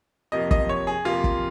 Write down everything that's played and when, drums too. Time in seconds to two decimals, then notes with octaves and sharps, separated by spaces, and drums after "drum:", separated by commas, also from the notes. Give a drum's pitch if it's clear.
0.32 F2 C3 F3 A#3 D#5
0.51 D#5, drum: kick
0.69 C#5
0.87 G#4
1.05 F2 C3 F3 A#3 F4
1.24 drum: kick